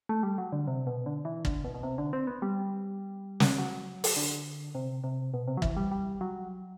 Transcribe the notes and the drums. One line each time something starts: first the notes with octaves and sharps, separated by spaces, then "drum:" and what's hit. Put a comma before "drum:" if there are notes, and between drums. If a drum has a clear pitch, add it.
A3
G3
F#3
D3
C3
B2
D3
E3
D3, drum: kick
B2
B2
C3
D3
C4
B3
G3
drum: snare
F#3
drum: open hi-hat
D3
C3
C3
B2
C3
F#3
E3, drum: kick
G3
G3
F#3